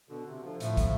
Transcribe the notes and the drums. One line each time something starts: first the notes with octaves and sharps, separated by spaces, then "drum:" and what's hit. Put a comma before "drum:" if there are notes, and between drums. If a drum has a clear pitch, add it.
B2 D3
C3
D3 F3
A2 F3 A3, drum: hi-hat
drum: kick, hi-hat